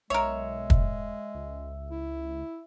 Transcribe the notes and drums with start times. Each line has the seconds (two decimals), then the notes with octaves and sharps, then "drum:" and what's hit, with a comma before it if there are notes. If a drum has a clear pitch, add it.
0.10 B1 G#3 A#4 C#5 E5 E6
0.70 drum: kick
1.34 C#2
1.91 E4